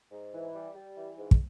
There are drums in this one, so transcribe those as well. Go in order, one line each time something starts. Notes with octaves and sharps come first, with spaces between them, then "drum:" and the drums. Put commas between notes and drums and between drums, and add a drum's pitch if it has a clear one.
G#2
E3
G3
G3
E3
G#2
drum: kick